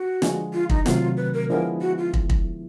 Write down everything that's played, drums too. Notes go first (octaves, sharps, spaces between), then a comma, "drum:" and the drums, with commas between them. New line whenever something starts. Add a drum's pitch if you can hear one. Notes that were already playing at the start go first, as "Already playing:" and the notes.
Already playing: F#4
D3 F3 G#3, drum: snare
F4
D#4, drum: kick
C3 D#3 F#3 A3 F4, drum: snare
B4
A#4
D3 F3 G#3 B3 E4 A#4
F#4
F4
drum: kick
drum: kick